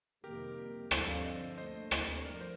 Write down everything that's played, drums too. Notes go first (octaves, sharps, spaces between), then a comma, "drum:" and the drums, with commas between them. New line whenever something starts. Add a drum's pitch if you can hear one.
F2 C3 D#3 G3 A#3 G4 A#4
G2 D3 F3 C4 A4 C5, drum: rim click
D5 F5
C5 D#5
A#2 A3 D4 C5 D#5
C5 D#5, drum: rim click
G2 F3 A#4 D5
C5